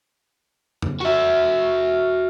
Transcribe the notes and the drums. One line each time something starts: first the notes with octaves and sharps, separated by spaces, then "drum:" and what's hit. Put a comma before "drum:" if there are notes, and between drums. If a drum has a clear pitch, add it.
drum: tom F2
F#4 E5